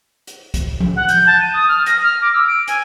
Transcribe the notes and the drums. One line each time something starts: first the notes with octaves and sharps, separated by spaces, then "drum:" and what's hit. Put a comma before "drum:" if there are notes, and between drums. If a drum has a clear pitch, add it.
drum: hi-hat
drum: kick, hi-hat
drum: tom F3
F#5
G6, drum: hi-hat
A5
D#7
D#6
F6
A#6, drum: hi-hat
F6
D6
E6
D7
G#5, drum: hi-hat